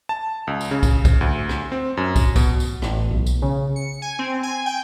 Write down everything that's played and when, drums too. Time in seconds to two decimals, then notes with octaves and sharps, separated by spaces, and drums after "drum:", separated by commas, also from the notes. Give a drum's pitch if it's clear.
0.09 A5
0.47 C#2
0.61 drum: tambourine
0.71 C#3
0.83 drum: kick, tambourine
1.05 drum: kick, tambourine
1.21 D2
1.49 drum: rim click
1.72 C4
1.97 F#2
2.16 drum: kick, tambourine
2.36 B2, drum: kick, tambourine
2.60 drum: tambourine
2.82 A1, drum: rim click
3.11 B1
3.27 drum: tambourine
3.42 C#3
3.76 C#7
4.02 G#5
4.19 C4
4.43 G#5
4.66 G5